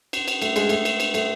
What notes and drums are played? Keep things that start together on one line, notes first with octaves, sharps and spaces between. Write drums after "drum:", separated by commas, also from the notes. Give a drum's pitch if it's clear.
drum: cymbal
drum: cymbal
A3, drum: cymbal
G#3, drum: cymbal
A3, drum: cymbal
drum: cymbal
drum: cymbal
A3, drum: cymbal